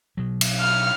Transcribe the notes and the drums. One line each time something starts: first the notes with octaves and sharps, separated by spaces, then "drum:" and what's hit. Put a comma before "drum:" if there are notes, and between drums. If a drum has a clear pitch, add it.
B2 F#3
drum: cymbal
F6